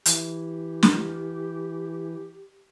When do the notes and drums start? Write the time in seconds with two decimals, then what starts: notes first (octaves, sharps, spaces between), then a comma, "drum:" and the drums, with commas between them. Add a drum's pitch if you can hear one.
0.06 E3 G4, drum: hi-hat
0.83 drum: snare